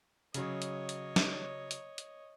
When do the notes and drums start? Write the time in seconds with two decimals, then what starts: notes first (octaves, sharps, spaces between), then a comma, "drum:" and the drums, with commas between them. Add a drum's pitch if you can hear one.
0.34 C#3 F#3 C#5 D#5, drum: hi-hat
0.62 drum: hi-hat
0.89 drum: hi-hat
1.16 drum: snare
1.71 drum: hi-hat
1.98 drum: hi-hat